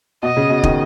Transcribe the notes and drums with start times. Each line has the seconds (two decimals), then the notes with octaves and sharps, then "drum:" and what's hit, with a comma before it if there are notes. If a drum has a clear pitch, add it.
0.23 B2 D#5
0.37 C#3
0.50 B2
0.63 D#3, drum: kick